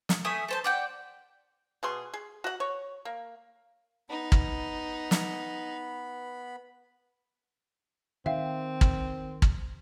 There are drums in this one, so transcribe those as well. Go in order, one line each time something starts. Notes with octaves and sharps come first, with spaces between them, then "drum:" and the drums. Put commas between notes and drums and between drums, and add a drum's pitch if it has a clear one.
drum: snare
A3 E5 G#5 D#6
A4 C5 A5
D5 F#5 G5
B2 G#4 C6
G#4
F#4 F#5
C#5
A#3
B3 D#4 B5
drum: kick
drum: snare
D#3 C4 E5 F5 G5
drum: kick
drum: kick